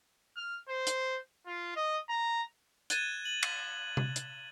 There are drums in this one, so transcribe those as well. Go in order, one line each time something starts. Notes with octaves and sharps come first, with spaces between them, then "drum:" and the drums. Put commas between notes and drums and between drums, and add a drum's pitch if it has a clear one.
F6
C5
drum: hi-hat
F4
D#5
A#5
F#6 G#6 A6 D#7 E7 G7, drum: hi-hat
F#7
drum: cymbal
drum: tom C3
drum: hi-hat